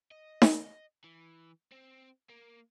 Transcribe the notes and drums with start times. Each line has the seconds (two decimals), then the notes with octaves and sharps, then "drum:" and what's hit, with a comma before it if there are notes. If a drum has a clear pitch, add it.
0.11 D#5
0.42 drum: snare D#4
1.04 E3
1.72 C4
2.30 A#3